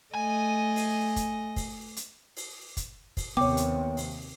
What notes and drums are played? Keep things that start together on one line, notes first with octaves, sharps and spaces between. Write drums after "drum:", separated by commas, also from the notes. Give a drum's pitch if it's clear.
A3 D#5 G#5
drum: open hi-hat
drum: kick, hi-hat
drum: kick, open hi-hat
drum: hi-hat
drum: open hi-hat
drum: kick, hi-hat
drum: kick, open hi-hat
D#2 C3 B3 C#5 G5 D6
drum: hi-hat
drum: open hi-hat